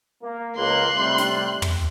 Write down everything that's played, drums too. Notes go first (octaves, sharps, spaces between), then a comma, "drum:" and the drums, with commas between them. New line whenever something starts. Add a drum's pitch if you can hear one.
A#3
C#2 A#3 C6 F#6
A2 C3 G3
drum: snare
drum: tom